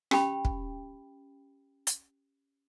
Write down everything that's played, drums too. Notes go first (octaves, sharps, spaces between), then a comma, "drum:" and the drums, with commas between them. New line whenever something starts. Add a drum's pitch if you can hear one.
C#4 G4 G5 B5, drum: rim click
drum: kick
drum: hi-hat